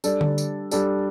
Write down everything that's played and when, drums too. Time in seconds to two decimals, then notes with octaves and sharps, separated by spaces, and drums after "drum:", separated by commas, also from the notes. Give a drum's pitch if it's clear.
0.04 G3 D4 A4 D5, drum: tambourine
0.21 drum: tom D3
0.38 drum: tambourine
0.71 G3 D4 A4 D5, drum: tambourine